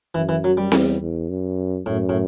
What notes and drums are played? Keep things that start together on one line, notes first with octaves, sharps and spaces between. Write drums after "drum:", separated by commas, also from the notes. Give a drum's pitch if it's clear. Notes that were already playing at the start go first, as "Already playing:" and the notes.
F#2 E3
E3
F#3
G3
E2, drum: snare C4
E2
F#2
F#2 A2
A2